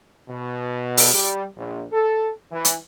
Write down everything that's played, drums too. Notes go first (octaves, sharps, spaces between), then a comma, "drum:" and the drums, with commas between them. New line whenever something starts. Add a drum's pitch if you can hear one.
B2
drum: open hi-hat
G3
A#1
A4
E3
drum: hi-hat